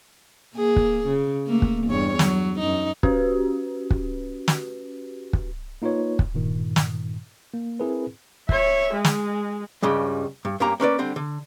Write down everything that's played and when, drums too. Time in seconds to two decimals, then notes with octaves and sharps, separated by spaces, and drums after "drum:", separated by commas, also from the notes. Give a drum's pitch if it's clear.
0.55 A#3 G#4
0.76 drum: kick
1.08 C#3
1.47 A3 A#3
1.62 drum: kick
1.87 E2 G2 C#5
2.19 F#3, drum: snare
2.59 F#2 D#4
3.03 C#4 F#4 G4 B4, drum: kick
3.91 drum: kick
4.48 drum: snare
5.33 drum: kick
5.82 A#3 D#4 F4 B4 C#5
6.19 drum: kick
6.34 G2 A#2 D#3
6.76 drum: snare
7.54 A#3
7.79 C4 E4 G#4 A#4 B4
8.49 C#5 E5, drum: kick
8.93 G#3
9.05 drum: snare
9.82 C#2 G2 C#3 G3 G#3
10.45 G2
10.60 G2 A#3 C#4 G4 A#5
10.80 A#3 C#4 B4 D5
10.99 D3 G3 C4
11.16 D3